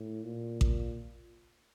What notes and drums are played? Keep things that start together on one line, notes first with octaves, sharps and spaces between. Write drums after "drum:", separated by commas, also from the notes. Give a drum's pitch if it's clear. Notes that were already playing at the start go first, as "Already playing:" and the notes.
Already playing: A2
A#2
drum: kick A1